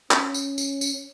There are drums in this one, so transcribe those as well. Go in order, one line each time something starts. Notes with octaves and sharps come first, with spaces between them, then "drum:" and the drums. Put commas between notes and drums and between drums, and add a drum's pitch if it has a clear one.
C#4, drum: clap
drum: tambourine
drum: tambourine
drum: tambourine